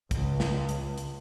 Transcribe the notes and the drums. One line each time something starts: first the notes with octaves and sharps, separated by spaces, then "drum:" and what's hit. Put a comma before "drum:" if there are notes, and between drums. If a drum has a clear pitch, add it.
C#2, drum: kick, hi-hat
drum: snare
drum: hi-hat
drum: hi-hat